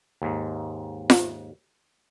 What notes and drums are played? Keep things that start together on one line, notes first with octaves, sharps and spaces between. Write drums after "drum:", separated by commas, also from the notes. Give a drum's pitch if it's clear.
D#2 G#2
drum: snare F4